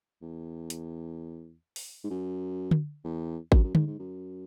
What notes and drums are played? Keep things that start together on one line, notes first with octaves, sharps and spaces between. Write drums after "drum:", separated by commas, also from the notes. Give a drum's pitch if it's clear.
E2
drum: hi-hat
drum: open hi-hat
G#2
F#2
drum: tom D3
E2
F#2, drum: kick G#1
F#2
G#2, drum: tom D3
G#2
F#2